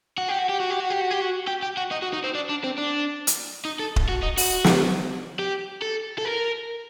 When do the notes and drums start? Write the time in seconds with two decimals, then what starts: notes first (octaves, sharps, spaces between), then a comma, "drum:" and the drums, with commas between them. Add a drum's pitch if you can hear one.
0.18 F#4
0.28 G4
0.38 F#4
0.49 G4
0.59 F#4
0.70 G4
0.80 F#4
0.90 G4
1.01 F#4
1.11 G4
1.22 F#4
1.48 G4
1.63 G4
1.77 F#4
1.91 D#4
2.02 F#4
2.13 D#4
2.24 C4
2.35 D4
2.49 D4
2.64 C4
2.78 D4
3.27 drum: hi-hat
3.65 D#4
3.80 A4
3.96 drum: kick D#1
4.09 F#4
4.23 D#4
4.37 F#4, drum: open hi-hat
4.64 drum: snare
5.39 G4
5.82 A4
6.18 A4
6.25 A#4